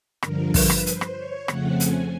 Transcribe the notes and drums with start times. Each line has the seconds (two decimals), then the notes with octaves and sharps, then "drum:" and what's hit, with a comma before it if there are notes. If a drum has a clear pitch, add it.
0.23 G2 D3 F3 A#4, drum: rim click
0.54 B4, drum: kick, open hi-hat
0.70 drum: rim click
0.86 C5, drum: hi-hat
1.01 drum: rim click
1.17 C#5
1.48 F2 C#3 F3 A3 C4 F#5, drum: rim click
1.80 G#5, drum: hi-hat